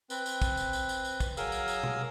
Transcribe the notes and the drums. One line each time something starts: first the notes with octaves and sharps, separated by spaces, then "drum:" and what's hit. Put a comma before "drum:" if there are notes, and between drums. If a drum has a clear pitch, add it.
C4 B4, drum: tambourine
drum: tambourine
drum: kick, tambourine
drum: tambourine
drum: tambourine
drum: tambourine
drum: tambourine
drum: kick, tambourine
F#3 G#4 A#4 F5 D#6 E6, drum: tambourine
drum: tambourine
drum: tambourine
drum: tom B2